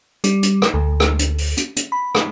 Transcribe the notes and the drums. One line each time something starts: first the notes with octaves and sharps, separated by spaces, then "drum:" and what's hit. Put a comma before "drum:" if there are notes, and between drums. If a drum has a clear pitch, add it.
G3, drum: hi-hat
drum: hi-hat
drum: rim click
D2
drum: rim click
drum: hi-hat
drum: open hi-hat
drum: hi-hat
drum: hi-hat
B5
drum: rim click